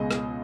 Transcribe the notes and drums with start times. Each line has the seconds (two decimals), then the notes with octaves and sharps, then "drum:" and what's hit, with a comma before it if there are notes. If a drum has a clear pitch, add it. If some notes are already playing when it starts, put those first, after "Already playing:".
Already playing: C#2 B2 G#3 D#5
0.11 drum: rim click